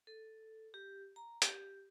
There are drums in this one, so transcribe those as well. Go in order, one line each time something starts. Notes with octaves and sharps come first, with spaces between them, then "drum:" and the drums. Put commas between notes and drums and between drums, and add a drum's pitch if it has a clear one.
A4
G4
A#5
G4, drum: hi-hat